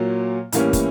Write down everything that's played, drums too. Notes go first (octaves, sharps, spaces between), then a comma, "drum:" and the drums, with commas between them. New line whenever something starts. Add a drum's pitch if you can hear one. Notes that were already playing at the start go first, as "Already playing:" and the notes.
Already playing: A#2 F#3 A#3
A2 E3 G3 A#3 C#4, drum: hi-hat
drum: kick, hi-hat